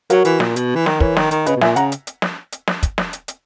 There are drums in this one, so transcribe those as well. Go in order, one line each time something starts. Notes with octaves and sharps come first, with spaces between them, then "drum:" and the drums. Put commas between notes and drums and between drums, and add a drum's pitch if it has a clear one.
F#3 F#4 A#4, drum: hi-hat
E3, drum: hi-hat
A#2, drum: snare
B2, drum: hi-hat
E3
D#3, drum: snare
E3 A#4 C#5, drum: kick
D#3, drum: snare
D#3, drum: hi-hat
C#3 B4 D#5, drum: hi-hat
B2
A#2 E5 G#5, drum: snare
C#3 F#5 A#5, drum: hi-hat
drum: hi-hat
drum: hi-hat
drum: snare
drum: hi-hat
drum: snare
drum: kick, hi-hat
drum: snare
drum: hi-hat
drum: hi-hat